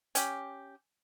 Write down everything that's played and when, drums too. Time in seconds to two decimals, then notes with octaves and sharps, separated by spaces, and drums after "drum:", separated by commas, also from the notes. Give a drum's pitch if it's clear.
0.15 C#4 G4, drum: hi-hat